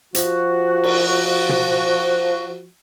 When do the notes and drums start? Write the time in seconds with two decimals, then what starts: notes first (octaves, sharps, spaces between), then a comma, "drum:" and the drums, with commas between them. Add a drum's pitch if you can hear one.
0.15 F3 F#4, drum: hi-hat
0.84 drum: cymbal
1.49 drum: tom